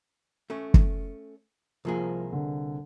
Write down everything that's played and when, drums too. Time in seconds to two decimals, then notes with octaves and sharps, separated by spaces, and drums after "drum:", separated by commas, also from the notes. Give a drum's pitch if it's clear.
0.50 A3 C#4
0.74 drum: kick
1.85 C2 F3 A#3 G#4
2.32 D3